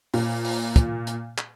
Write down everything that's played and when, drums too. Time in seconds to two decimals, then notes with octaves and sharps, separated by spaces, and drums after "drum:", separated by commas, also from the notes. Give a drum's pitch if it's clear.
0.14 A#2, drum: open hi-hat
0.45 drum: open hi-hat
0.76 drum: kick, hi-hat
1.07 drum: hi-hat
1.38 drum: clap